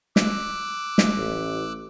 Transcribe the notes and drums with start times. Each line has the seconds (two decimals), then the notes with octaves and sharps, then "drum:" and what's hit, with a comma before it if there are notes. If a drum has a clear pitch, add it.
0.16 D6 E6 F#6, drum: snare
0.98 drum: snare
1.17 A1